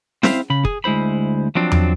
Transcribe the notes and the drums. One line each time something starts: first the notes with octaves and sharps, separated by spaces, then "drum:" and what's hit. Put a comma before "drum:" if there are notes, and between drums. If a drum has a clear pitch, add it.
C4 E4 C5 E5 F5, drum: snare
C#3 B5
G#4, drum: kick
D2 G#3 E4 C5 B5
F3 F#3 C4 D4
drum: tom E2